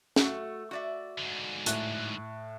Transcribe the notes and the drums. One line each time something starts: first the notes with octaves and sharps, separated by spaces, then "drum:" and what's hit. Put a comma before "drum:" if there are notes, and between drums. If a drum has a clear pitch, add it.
A3 F#4, drum: snare
F#4 D5 E5
G#2 D3
A2 F#6, drum: hi-hat